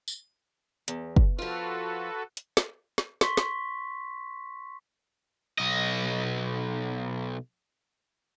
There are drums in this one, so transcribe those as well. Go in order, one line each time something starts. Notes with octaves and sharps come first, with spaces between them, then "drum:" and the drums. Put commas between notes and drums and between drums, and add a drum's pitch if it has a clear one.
drum: tambourine
E2, drum: hi-hat
drum: kick
F3 F4 F#4 A4 B4
drum: hi-hat
drum: snare
drum: snare
C6 C#6 B6, drum: snare
drum: snare
B1 D#5